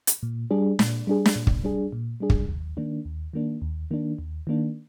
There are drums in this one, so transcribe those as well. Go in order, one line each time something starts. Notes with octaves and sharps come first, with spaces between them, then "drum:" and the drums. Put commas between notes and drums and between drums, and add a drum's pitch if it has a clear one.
drum: hi-hat
A#2
G3 D4 G#4
A#2, drum: snare
G3 D4 G#4
drum: snare
A#2
drum: kick
G3 D4 G#4
A#2
G3 D4 G#4
drum: kick
D#2
D#3 A#3 D4
D#2
D#3 A#3 D4
D#2
D#3 A#3 D4
D#2
D#3 A#3 D4